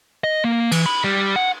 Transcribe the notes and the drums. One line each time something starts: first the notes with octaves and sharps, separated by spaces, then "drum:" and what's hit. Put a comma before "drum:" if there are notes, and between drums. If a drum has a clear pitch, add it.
D#5
A#3
E3, drum: cymbal
B5
G3
F#5